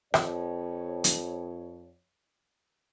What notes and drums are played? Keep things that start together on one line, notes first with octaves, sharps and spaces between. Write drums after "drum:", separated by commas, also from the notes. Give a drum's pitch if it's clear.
F2 C#5, drum: rim click
drum: hi-hat